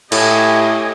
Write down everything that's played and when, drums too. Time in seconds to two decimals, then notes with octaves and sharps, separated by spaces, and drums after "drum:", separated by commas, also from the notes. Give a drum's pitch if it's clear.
0.12 A2 G4 D#5 G#5, drum: cymbal